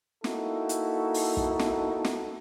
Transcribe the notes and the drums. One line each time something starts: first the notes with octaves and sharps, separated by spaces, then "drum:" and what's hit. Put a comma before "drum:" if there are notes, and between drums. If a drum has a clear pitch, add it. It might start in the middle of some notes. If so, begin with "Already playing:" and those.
A#3 D#4 E4 F#4 A4, drum: snare
drum: hi-hat
drum: open hi-hat
drum: kick
drum: snare
drum: snare